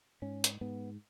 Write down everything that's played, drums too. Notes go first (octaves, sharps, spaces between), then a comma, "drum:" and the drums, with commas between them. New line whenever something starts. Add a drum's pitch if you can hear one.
G#2 C#4
drum: hi-hat
G#2 B3